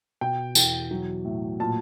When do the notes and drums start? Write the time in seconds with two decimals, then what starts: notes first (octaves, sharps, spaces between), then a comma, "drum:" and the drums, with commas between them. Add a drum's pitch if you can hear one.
0.21 B2 G5
0.55 E2 G5, drum: tambourine
0.91 F#3
1.25 A2
1.60 A#2 A5